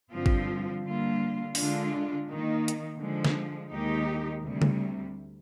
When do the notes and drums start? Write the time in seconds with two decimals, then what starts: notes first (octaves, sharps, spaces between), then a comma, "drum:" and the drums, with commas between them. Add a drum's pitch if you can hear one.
0.11 G2 D3 F3 C4 F4
0.26 drum: kick
0.83 D3 G3 A#3 F4
1.55 D3 G#3 D4 F4, drum: open hi-hat
2.27 D#3 A#3 D#4
2.68 drum: hi-hat
2.99 D3 F3 G#3
3.24 drum: snare
3.71 D#2 D#3 G#3 D#4 G4
4.43 D2 C3 G3
4.62 drum: tom C#3